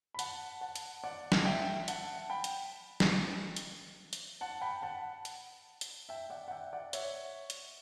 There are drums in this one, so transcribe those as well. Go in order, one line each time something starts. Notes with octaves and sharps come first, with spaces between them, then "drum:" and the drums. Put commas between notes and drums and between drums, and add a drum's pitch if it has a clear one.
B5
F#5 A5, drum: hi-hat
F#5 A5
drum: hi-hat
D5 F#5
drum: snare
E5 G5
F#5 A5, drum: hi-hat
G5 B5
drum: hi-hat
drum: snare
drum: hi-hat
drum: hi-hat
F#5 A5
G5 B5
F#5 A5
drum: hi-hat
drum: hi-hat
E5 G5
D5 F#5
F#5
E5 G5
D5 F#5
C#5 E5, drum: hi-hat
drum: hi-hat